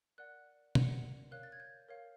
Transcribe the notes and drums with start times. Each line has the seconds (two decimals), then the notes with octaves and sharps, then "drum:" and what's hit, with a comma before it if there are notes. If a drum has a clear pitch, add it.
0.18 A#4 D5 F#5 F#6
0.75 A#4 D5 F#5, drum: tom
1.31 A#4 C#5 F5 F#6
1.43 A6
1.52 G#6
1.60 G6
1.89 A#4 C#5 F5